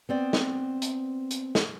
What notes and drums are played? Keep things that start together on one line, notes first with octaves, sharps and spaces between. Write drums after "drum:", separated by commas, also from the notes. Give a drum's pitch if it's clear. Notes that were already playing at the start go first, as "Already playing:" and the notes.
B3 C4 D5
drum: snare
drum: hi-hat
drum: hi-hat
drum: snare